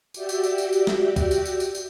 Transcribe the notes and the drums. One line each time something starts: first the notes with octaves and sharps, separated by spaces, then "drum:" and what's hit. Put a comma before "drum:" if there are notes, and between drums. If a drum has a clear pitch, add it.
F#4 G4 D5 E5 G5, drum: tambourine
drum: tambourine
drum: tambourine
drum: tambourine
drum: tambourine
drum: snare
drum: kick, tambourine
drum: tambourine
drum: tambourine
drum: tambourine
drum: tambourine